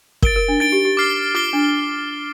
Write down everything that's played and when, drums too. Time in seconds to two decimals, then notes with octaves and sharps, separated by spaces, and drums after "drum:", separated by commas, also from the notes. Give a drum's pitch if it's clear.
0.22 A#4 A6 D7 G7, drum: kick
0.36 A#4
0.48 D4
0.60 D#4 A6 D7 G7
0.72 G4
0.85 G4
0.97 D6 F6 C7 G7
1.35 F4 D6 F6 C7 G7
1.53 D4